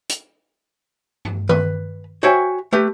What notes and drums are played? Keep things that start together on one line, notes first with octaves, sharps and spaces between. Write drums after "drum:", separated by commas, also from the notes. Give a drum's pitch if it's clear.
drum: hi-hat
drum: tom G2
B4, drum: tom D#3
F#4 C5 C#5 E5 G5 G#5
A3 G4 B4